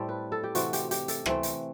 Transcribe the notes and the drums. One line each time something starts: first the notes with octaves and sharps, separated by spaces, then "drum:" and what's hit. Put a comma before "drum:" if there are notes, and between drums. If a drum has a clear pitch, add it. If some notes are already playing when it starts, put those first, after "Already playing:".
Already playing: A2 G3 C4 E4 G4 A4
B4
A4
G4
C3 E3 A3 C4 F#4, drum: hi-hat
G4, drum: hi-hat
G4, drum: hi-hat
A4, drum: hi-hat
C3 E3 A3 C4, drum: rim click
drum: hi-hat